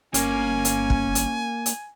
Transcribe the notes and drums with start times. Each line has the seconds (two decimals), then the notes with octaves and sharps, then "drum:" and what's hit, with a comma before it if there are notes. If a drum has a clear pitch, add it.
0.14 G1 A#3 C#4 G#5, drum: hi-hat
0.65 drum: hi-hat
0.90 drum: kick
1.15 drum: hi-hat
1.66 drum: hi-hat